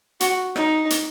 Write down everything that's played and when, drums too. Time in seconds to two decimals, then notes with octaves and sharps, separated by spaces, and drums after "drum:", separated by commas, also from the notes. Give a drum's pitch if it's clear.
0.20 F#4, drum: hi-hat
0.56 D#4, drum: rim click
0.90 drum: hi-hat